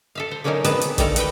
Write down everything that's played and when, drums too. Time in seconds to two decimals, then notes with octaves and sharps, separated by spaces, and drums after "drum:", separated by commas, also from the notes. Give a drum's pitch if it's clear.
0.15 A4 E5 F5
0.31 C5
0.44 D3 F#3 A#3 C#4 D#4 A#4
0.64 D#3 B3 C4 G#4 B4 A5, drum: hi-hat
0.81 drum: hi-hat
0.98 D3 D#3 G3 A3 A4 A#4, drum: kick, hi-hat
1.16 F#4 B4 G5, drum: hi-hat